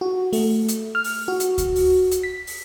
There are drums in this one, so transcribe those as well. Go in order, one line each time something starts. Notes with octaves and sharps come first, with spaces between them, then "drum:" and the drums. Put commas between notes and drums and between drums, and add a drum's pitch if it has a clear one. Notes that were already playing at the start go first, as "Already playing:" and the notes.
F#4
A3, drum: open hi-hat
drum: hi-hat
F6
drum: open hi-hat
F#4
drum: hi-hat
drum: kick D2, hi-hat
drum: open hi-hat
drum: hi-hat
B6
drum: open hi-hat